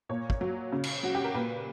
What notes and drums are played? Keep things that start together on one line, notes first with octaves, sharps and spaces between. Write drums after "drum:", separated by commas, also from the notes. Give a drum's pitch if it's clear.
A#2 C#5
drum: kick
F#3
C#3
drum: cymbal
F#3 F#4
G4
A#4
A#2 B4